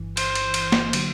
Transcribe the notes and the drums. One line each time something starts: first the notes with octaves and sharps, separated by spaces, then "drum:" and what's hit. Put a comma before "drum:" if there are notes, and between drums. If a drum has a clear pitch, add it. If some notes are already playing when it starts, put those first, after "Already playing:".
Already playing: G1 G2 E3
C5, drum: cymbal
drum: cymbal
drum: cymbal
drum: snare A#3
D3 F#3, drum: cymbal